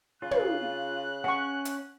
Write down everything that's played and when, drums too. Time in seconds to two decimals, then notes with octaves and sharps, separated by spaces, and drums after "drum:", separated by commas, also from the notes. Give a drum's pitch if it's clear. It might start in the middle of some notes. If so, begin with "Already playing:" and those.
0.22 C#3 F4 F#6
0.31 drum: tom
1.24 C#4 F#5 C#6
1.65 drum: hi-hat